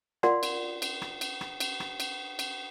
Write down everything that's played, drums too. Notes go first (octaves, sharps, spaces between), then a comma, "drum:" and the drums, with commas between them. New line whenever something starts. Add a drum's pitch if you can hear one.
F4 A#4 D5 F5 F#5 C6, drum: rim click
drum: cymbal
drum: cymbal
drum: rim click
drum: cymbal
drum: rim click
drum: cymbal
drum: rim click
drum: cymbal
drum: cymbal